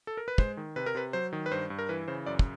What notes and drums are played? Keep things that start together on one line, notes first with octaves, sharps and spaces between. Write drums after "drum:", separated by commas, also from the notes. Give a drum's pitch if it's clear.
A4
A#4
B4
G#3 C5, drum: kick
D#3
C3 B4
A#4
C3 B4
F#3 C5
D#3
B4
G2 C5
G2
A#4
E3 B4
C#3 C5
F#2 D5
drum: kick